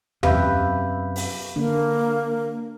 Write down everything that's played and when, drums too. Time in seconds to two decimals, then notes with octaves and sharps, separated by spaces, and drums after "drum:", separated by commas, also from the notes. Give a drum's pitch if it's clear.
0.23 F#2 C3 G4 B4 E5 F5 B5 G6, drum: tom E2
1.16 drum: open hi-hat
1.56 D3 A#3 D4